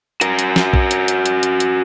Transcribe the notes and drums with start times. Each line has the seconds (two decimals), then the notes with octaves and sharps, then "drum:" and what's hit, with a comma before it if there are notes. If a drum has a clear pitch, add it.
0.21 F#4 A#4, drum: hi-hat
0.39 drum: hi-hat
0.56 drum: snare
0.73 drum: kick A#1
0.91 drum: hi-hat
1.08 drum: hi-hat
1.26 drum: hi-hat
1.43 drum: hi-hat
1.60 drum: hi-hat